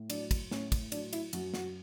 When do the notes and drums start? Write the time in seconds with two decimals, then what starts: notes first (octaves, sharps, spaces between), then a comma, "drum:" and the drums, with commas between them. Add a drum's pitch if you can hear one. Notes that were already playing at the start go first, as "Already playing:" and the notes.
Already playing: A2
0.10 F#3 D4, drum: cymbal
0.31 drum: kick, cymbal
0.51 A2 C#4, drum: snare
0.72 drum: kick, cymbal
0.92 F#3 D4, drum: cymbal
1.13 E4, drum: cymbal
1.33 F#2 F#4, drum: cymbal
1.54 F#4, drum: snare